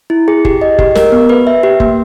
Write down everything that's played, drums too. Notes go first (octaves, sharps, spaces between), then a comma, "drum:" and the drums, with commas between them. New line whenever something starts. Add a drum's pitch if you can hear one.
E4
G#4
G4, drum: kick F#1
D#5
G4, drum: kick F#1
A#4, drum: snare
B3
B4
E5
G4
A#3, drum: kick F#1